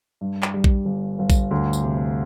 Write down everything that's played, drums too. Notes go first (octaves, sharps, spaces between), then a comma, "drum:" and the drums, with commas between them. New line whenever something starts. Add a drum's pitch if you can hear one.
G2
drum: clap
G3
drum: kick A#1
G1
G1
drum: kick A#1, tambourine
D2
drum: tambourine
C3